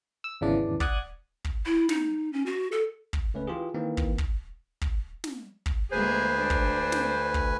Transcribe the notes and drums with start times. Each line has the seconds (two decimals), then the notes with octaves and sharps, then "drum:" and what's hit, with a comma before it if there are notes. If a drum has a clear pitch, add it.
0.24 E6
0.41 G#1 E2 C#3 E3 D4 D5
0.80 D5 F#5 D#6 F#6 G#6, drum: kick
1.45 drum: kick
1.66 E4
1.89 D#4, drum: snare
2.33 C#4
2.46 F#4
2.72 A4
3.13 drum: kick
3.34 C#2 A3 C#4 B4
3.47 E3 F4 G4 G#4
3.74 D#3 E3 A#3 C4 D#4
3.97 drum: kick
4.18 drum: kick
4.82 drum: kick
5.24 drum: snare
5.66 drum: kick
5.92 D2 G#3 A#3 G#4 B4 C5 G#5
6.41 D4
6.50 drum: kick
6.92 drum: snare
7.34 drum: kick